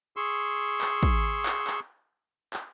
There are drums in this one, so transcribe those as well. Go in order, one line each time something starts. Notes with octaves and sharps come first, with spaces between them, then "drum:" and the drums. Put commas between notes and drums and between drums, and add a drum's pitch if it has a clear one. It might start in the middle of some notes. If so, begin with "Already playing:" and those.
G#4 C6 C#6 E6
drum: clap
drum: kick
drum: clap
drum: clap
drum: clap